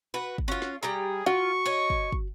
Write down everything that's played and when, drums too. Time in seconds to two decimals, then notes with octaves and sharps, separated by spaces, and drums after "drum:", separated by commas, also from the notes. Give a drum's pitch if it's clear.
0.14 F#4 B4
0.38 drum: kick
0.48 C#4 F4 F#4
0.62 drum: snare
0.83 G3 G4 G#4 A#5
1.26 F4 F#4 C#6
1.65 C#5 D#5
1.90 drum: kick
2.12 drum: kick